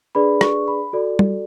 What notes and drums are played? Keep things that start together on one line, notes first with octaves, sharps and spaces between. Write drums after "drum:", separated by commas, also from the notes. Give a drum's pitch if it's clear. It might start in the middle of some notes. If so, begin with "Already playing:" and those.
D4 G#4 B4 D5 B5
C#6, drum: rim click
B5
F#4 A4 D5
drum: tom G3